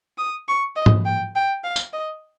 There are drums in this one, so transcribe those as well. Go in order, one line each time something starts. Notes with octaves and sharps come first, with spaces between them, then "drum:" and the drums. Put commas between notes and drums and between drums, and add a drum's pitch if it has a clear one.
D#6
C#6
D#5
drum: tom
G5
G5
F5
drum: tambourine
D#5